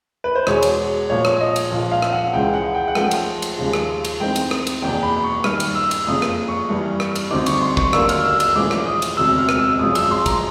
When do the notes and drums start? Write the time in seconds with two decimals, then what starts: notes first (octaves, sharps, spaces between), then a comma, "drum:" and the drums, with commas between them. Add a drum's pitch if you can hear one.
0.24 B4
0.35 C5
0.47 E1 E2 B2 G#3 C#5, drum: rim click
0.63 drum: cymbal
1.09 A#1 A#2 F3 A3 C#5
1.25 drum: rim click
1.41 D#5
1.56 drum: cymbal
1.71 A#1 A#2 F3
1.92 F5
2.02 drum: rim click
2.12 F#5
2.33 C#2 C#3 E3 G#3 G5
2.54 F#5
2.74 G5
2.88 F#5
2.95 G#2 F3 A3 C#4 G5, drum: rim click
3.11 drum: cymbal
3.42 drum: cymbal
3.58 D#2 C#3 F3 G#3
3.73 drum: rim click
4.05 drum: cymbal
4.20 G#2 E3 A3 C4 D#4 G5
4.36 drum: cymbal
4.51 drum: rim click
4.67 drum: cymbal
4.82 F#1 E2 B2 G5
5.03 B5
5.24 C#6
5.44 G2 D#3 G3 F6, drum: rim click
5.60 drum: cymbal
5.75 E6
5.91 drum: cymbal
6.07 F#1 F2 C#3 D#6
6.22 drum: rim click
6.48 C#6
6.69 G2 E3 G3
7.00 drum: rim click
7.15 drum: cymbal
7.31 D2 D3 G3 C4 D#4 D6
7.46 C#6, drum: cymbal
7.62 C6
7.77 C#6, drum: kick
7.93 D#2 D3 F#3 A#3 D4 E6, drum: rim click
8.09 F6, drum: cymbal
8.24 E6
8.40 E6, drum: cymbal
8.55 A#1 G#2 E3 A3 C#4 D6
8.71 drum: rim click
8.86 D#6
9.02 drum: cymbal
9.17 E1 D2 C3 E6
9.38 F6
9.49 drum: rim click
9.59 E6
9.79 G#1 F#2 C#3 F3 G#3 D#6
9.95 E6, drum: cymbal
10.11 C6
10.26 A#5, drum: kick, cymbal